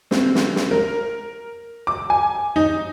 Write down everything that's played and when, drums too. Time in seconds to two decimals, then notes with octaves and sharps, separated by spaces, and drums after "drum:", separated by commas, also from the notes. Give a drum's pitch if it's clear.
0.11 C4, drum: snare
0.35 drum: snare
0.56 drum: snare
0.71 A#4
1.87 D6
2.10 G#5
2.56 D#4